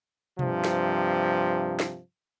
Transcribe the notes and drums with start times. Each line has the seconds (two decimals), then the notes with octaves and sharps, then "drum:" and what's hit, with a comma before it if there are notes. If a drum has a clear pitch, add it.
0.39 G2 C3 F3, drum: tom B2
0.64 drum: snare
1.80 drum: snare